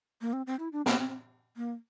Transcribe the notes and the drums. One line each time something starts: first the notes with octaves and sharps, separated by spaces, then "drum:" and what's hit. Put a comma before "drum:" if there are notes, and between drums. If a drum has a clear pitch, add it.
A#3
C4
C4
E4
D4
A#3, drum: snare
C4
A#3